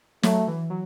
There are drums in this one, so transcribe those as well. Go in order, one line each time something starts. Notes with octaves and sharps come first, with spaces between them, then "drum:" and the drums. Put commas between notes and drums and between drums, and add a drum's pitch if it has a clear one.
F#3 A3, drum: snare
E3
F#3